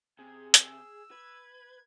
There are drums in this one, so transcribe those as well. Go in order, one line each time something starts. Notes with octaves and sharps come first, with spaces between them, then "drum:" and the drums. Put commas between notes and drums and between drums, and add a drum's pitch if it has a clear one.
C3 G#4 G#6
E6, drum: hi-hat
B4 G#6